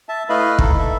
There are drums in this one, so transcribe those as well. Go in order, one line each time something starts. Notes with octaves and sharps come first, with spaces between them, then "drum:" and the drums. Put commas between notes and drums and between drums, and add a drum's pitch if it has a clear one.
E5 A5
A3 E4 B4 D#5 F5 B5
D#4 A4, drum: kick
A4 E5